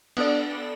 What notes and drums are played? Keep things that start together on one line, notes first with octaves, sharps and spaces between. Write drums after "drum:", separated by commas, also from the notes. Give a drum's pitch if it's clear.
B3 D4 A4 D5, drum: cymbal